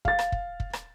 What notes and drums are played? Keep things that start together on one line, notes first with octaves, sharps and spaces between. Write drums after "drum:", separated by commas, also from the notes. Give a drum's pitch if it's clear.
F5 A6, drum: kick
drum: rim click
drum: kick
drum: kick
drum: rim click